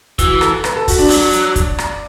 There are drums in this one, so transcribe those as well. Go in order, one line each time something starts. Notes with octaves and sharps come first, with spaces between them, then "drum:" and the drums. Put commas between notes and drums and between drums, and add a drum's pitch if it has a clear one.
E3 F#4, drum: kick, hi-hat
A4, drum: rim click
B4, drum: rim click
A4
F#4, drum: kick, open hi-hat
D4
F#3, drum: open hi-hat
drum: hi-hat
drum: kick, hi-hat
drum: rim click